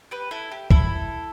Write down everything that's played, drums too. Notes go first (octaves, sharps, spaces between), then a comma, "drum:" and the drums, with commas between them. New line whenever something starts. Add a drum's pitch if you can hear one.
G4 B4
E4 A4
G4
E4 A4, drum: kick